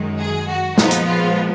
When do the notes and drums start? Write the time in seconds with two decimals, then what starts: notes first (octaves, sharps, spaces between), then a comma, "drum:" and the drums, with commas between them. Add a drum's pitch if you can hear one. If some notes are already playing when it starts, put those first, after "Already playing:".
Already playing: F#2 D#3 G#3
0.21 G#4
0.50 F#4
0.78 A#2 F3 G#3 B3 D#4, drum: snare
0.91 drum: hi-hat
1.07 F4